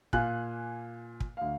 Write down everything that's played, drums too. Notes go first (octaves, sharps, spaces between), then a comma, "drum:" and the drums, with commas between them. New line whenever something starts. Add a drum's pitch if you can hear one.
A#2 F5 G#5 F#6, drum: kick
drum: kick
D2 F5